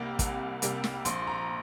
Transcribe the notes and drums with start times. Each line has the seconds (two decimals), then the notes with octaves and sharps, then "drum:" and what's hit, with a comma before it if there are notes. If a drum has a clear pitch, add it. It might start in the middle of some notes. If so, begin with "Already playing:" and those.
Already playing: C2 C3 G3 A#3
0.19 C2, drum: kick, hi-hat
0.62 C3 G3 A#3, drum: hi-hat
0.84 drum: snare
1.05 A#1 C6, drum: hi-hat
1.27 A#5